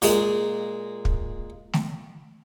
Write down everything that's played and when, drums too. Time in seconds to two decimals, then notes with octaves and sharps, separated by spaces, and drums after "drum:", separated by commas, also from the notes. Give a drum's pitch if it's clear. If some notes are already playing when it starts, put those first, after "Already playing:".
0.02 A#2 G#3, drum: open hi-hat
1.05 drum: kick
1.73 drum: snare A3